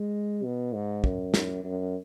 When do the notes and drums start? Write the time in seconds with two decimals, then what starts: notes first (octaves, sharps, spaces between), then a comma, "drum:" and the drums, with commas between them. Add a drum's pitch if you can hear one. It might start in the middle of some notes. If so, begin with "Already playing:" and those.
Already playing: G#3
0.44 B2
0.74 G#2
1.04 F#2, drum: kick
1.34 drum: snare
1.64 F#2